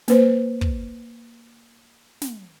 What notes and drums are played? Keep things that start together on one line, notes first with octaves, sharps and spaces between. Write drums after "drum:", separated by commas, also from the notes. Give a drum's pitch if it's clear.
A#3 B4 C5, drum: snare
drum: kick
drum: snare